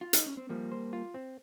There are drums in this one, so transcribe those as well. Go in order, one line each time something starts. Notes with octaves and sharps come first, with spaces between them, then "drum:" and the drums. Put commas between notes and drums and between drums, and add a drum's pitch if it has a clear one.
F4
D#4, drum: hi-hat
C#4
C4
F3 G3 A#3
C5
F4
C4